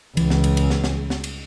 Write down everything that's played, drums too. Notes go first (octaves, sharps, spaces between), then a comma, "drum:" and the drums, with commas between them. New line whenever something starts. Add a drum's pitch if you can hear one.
C#2 E3, drum: cymbal
drum: snare
drum: cymbal
drum: cymbal
drum: snare
drum: snare
drum: snare
drum: cymbal